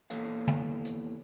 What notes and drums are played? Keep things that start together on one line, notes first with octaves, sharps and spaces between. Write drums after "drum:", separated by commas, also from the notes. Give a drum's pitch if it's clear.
E2 A#3 A4 C#5 F5, drum: hi-hat
drum: tom
drum: hi-hat